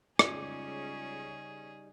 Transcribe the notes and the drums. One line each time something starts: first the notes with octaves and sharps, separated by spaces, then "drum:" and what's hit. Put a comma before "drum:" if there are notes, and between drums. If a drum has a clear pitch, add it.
C#2 C#3 G3 C#4 D#4 G#4, drum: rim click